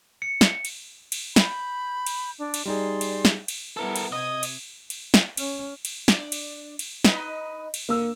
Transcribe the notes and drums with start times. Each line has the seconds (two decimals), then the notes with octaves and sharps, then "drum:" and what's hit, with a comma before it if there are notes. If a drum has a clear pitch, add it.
0.22 C#7
0.41 drum: snare
0.65 drum: cymbal
1.12 drum: cymbal
1.36 B5 G6, drum: snare
2.06 drum: cymbal
2.39 D4
2.54 drum: cymbal
2.65 G3 D#4 G#4 D5 C6
3.01 drum: cymbal
3.25 drum: snare
3.48 drum: cymbal
3.77 G3 B3 E4 A4 A#4
3.96 drum: cymbal
4.12 C3 D#5 D#6 G#6
4.43 drum: cymbal
4.90 drum: cymbal
5.14 drum: snare
5.37 C#4, drum: cymbal
5.85 drum: cymbal
6.08 D4 D5, drum: snare
6.32 drum: cymbal
6.79 drum: cymbal
7.04 D#4 B4 D#5, drum: snare
7.74 drum: cymbal
7.89 D3 A#3 E6